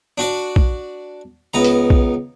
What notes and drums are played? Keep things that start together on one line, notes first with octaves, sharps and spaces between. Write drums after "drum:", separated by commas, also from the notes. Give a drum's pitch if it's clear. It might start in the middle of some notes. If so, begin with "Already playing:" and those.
D4 F#4 D5
drum: kick
C#2 B3 A#5
drum: hi-hat
drum: kick